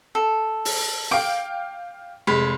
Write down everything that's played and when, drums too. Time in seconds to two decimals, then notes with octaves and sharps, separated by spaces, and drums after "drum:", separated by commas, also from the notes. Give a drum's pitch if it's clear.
0.15 A4
0.65 drum: open hi-hat
1.11 F5 G5 D6
2.27 F1 G#3 B5